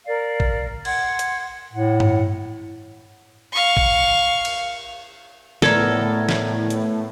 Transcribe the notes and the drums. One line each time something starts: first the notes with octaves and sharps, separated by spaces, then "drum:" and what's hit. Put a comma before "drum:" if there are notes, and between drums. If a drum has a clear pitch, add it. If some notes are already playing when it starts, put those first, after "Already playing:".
A#4 D5 F5
drum: kick
F#5 C6 G#6, drum: cymbal
drum: hi-hat
A2 F#5
drum: tom G2
F5 C#6
drum: kick
drum: cymbal
A2 A3 B3 A4 A#4 D5 G#6, drum: snare
drum: snare
drum: hi-hat